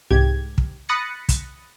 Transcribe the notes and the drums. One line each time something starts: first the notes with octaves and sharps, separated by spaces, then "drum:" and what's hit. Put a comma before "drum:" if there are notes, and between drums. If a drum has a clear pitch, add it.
C2 G#2 G4 G#6
drum: kick
B5 D#6 F#6 A6 A#6 C#7
drum: kick, hi-hat